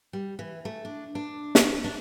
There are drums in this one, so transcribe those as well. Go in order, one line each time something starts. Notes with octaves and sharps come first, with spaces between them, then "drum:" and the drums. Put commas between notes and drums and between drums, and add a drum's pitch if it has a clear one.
G3
E3
A3
D4
D4
C#5, drum: snare
D4